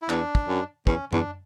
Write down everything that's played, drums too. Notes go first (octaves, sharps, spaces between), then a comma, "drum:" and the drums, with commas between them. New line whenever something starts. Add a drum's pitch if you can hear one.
E4
E2 D4, drum: clap
drum: kick
F#2
E2 C#4, drum: kick
E2 D4, drum: tom F#2